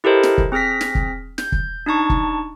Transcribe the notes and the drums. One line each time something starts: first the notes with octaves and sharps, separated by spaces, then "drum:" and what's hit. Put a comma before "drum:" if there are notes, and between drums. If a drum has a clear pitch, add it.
E4 G4 A4 A#4 C5 D#5
drum: snare
drum: kick
C4 G#4 F6 A#6 B6
drum: snare
drum: kick
G6, drum: snare
drum: kick
D4 D#4 A5 C#6
drum: kick